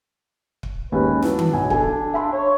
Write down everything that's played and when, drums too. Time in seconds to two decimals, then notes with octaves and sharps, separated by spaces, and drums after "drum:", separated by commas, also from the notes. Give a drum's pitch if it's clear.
0.63 drum: kick
0.92 D#2 G#3 C#4 B4
1.22 F#3 B3 D4 E4, drum: snare
1.39 drum: tom D#3
1.53 B1 G#5
1.70 D4 A4 G#5, drum: kick
2.14 E5 B5 C6
2.32 C#5